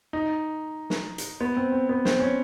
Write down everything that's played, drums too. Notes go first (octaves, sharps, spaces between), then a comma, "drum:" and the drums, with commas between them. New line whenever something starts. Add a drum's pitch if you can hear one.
D#4
drum: snare
drum: hi-hat
B3
C4
C4
B3
C4, drum: snare
C#4